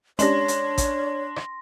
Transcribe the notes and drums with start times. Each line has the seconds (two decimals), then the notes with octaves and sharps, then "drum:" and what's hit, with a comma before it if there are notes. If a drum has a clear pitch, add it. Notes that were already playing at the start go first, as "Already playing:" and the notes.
0.19 G#3 C#4 D4 G4 C#5 C6 A#6, drum: hi-hat
0.48 drum: hi-hat
0.78 drum: kick A1, hi-hat
1.36 drum: rim click